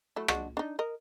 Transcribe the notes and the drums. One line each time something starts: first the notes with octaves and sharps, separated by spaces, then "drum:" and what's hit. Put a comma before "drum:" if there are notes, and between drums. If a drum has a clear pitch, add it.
F#3 A3 E4
G#3 D4 F#4, drum: rim click
D4 D#4
A#4 D#5